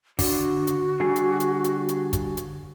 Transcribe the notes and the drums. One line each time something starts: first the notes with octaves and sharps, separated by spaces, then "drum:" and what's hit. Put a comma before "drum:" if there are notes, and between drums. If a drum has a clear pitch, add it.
D3 F#4, drum: kick, open hi-hat
drum: hi-hat
D3 G3 G#4
drum: hi-hat
drum: hi-hat
drum: hi-hat
drum: hi-hat
drum: kick, hi-hat
drum: hi-hat